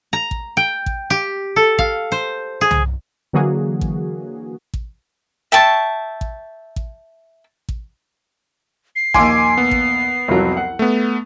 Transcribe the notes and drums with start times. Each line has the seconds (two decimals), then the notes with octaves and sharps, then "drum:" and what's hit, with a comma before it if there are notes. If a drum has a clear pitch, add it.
0.13 A#5
0.31 drum: kick A1
0.57 G5
0.86 drum: kick A1
1.10 G4
1.56 A4
1.79 F5, drum: kick A1
2.12 C5
2.61 G#4
2.71 drum: tom C2
3.33 D3 E3 F#3 A#3 F#4 G#4
3.81 drum: kick A1
4.74 drum: kick A1
5.52 E5 G5 A5 C#6
6.21 drum: kick A1
6.76 drum: kick A1
7.69 drum: kick A1
8.96 C7
9.14 A#1 D#2 G#5 C6 D6, drum: kick A1
9.58 B3
9.71 drum: kick A1
10.28 C2 F2 F#3
10.57 F#5
10.79 A3 B3